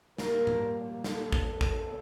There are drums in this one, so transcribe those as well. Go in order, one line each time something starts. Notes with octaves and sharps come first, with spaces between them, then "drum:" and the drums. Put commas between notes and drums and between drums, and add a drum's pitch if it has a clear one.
A#2 G3 A#3 A#4, drum: snare
drum: tom G#2
A4, drum: snare
drum: kick
drum: kick